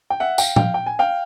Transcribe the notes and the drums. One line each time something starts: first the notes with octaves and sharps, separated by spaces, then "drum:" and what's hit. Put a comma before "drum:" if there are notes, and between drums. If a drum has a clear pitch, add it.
G5
E5 F#5
F5 G5, drum: tambourine
F5 G5, drum: tom
G5
G#5
F5 G5